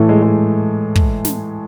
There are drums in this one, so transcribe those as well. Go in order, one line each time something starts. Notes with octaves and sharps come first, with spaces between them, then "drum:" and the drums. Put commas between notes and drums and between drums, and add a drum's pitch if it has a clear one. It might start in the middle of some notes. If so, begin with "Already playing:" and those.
Already playing: A2 E3 A3
G#3
G#3
drum: kick
drum: snare